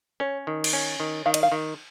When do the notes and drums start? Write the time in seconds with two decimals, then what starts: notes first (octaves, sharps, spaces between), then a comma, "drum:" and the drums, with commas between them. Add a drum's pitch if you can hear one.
0.20 C#4 C#5
0.47 D#3
0.64 drum: cymbal
0.73 C#4
1.00 D#3
1.26 D#3 F5
1.34 D#5, drum: cymbal
1.43 F5
1.52 D#3